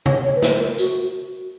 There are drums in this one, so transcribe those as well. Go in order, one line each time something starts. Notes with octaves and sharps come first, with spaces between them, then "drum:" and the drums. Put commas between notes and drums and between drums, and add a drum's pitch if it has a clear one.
C#5, drum: tom C3
C#5
B4
C5, drum: snare
A#4
F#4, drum: tambourine